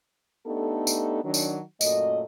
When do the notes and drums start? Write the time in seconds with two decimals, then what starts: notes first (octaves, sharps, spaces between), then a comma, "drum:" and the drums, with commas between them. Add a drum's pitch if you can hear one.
0.46 A3 B3 D4 D#4 G4 A4
0.87 drum: tambourine
1.24 D#3 F#3 D4
1.34 drum: tambourine
1.81 F#2 A#2 F#3 A3 D#5, drum: tambourine